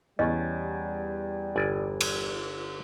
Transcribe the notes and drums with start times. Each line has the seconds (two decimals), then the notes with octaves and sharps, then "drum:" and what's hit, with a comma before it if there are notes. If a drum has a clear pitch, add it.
0.19 E2 G3 C#4 D#5
1.56 G1 D5 G#5
2.01 drum: cymbal